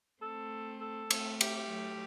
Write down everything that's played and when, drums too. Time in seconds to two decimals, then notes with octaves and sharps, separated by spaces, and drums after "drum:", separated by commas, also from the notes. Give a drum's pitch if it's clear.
0.22 A3 C4 A4
0.81 A4
1.11 A3 C4, drum: cymbal
1.41 G4, drum: cymbal
1.55 G4
1.70 F#3 A3